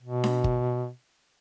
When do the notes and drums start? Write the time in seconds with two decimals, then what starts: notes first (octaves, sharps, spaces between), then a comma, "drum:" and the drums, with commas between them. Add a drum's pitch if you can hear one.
0.03 B2
0.24 drum: snare D4
0.44 drum: kick G1